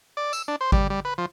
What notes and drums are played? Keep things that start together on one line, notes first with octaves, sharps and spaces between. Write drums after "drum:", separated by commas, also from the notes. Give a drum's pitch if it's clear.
D5
E6, drum: tambourine
D4
C5
G3, drum: kick G#1
G3
B4
F3